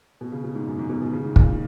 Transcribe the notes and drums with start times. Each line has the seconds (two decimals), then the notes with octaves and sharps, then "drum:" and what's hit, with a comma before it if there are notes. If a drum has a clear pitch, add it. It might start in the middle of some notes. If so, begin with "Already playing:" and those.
0.21 B2
0.32 C#3
0.44 B2
0.55 G#2
0.67 F#2
0.78 G#2
0.90 B2
1.02 B2
1.13 C#3
1.25 G#2
1.36 A#2, drum: kick
1.48 D#3